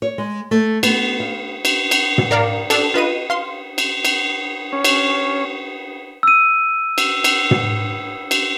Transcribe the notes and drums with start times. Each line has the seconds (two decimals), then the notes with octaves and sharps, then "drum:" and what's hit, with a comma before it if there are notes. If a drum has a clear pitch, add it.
0.02 C#5
0.18 G#3
0.51 A3
0.83 B3, drum: cymbal
1.20 F5
1.65 drum: cymbal
1.91 drum: cymbal
2.18 drum: tom
2.31 A#4 D5 F5 A#5
2.70 D4 A4, drum: cymbal
2.94 F4 B4 D#5 D#7
3.30 F5 C6
3.78 drum: cymbal
4.05 drum: cymbal
4.72 C#4
4.84 drum: cymbal
6.23 E6 D#7
6.98 drum: cymbal
7.24 drum: cymbal
7.51 drum: tom
8.31 drum: cymbal